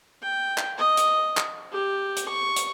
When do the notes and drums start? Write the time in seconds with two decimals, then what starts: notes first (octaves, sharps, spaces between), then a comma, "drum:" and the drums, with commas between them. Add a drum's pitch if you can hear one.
0.22 G5
0.58 drum: clap
0.78 D#5
0.97 drum: hi-hat
1.37 drum: clap
1.72 G4
2.17 drum: hi-hat
2.28 C#6
2.56 drum: hi-hat